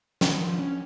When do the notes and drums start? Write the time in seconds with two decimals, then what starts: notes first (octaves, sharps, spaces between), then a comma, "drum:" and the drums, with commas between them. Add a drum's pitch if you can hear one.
0.21 D#3, drum: snare
0.40 F3
0.59 C#4